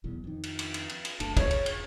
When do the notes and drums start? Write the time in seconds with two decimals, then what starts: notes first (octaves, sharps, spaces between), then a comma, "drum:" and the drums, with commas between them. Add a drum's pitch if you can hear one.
0.04 D#1 B1 E2
0.24 F2 D#3
0.43 drum: cymbal
0.59 drum: cymbal
0.74 drum: cymbal
0.89 drum: cymbal
1.05 drum: cymbal
1.20 F#1 D2 D3 A5, drum: cymbal
1.37 E1 C#3 C#5, drum: kick, cymbal
1.51 drum: cymbal
1.66 drum: cymbal